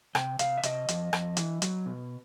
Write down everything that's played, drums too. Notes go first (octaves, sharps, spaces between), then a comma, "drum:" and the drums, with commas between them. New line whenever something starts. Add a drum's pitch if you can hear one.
C3 G5, drum: rim click
C3 F5, drum: hi-hat
E5
C3 D#5, drum: hi-hat
F2, drum: hi-hat
F2, drum: rim click
E3, drum: hi-hat
F#3, drum: hi-hat
B2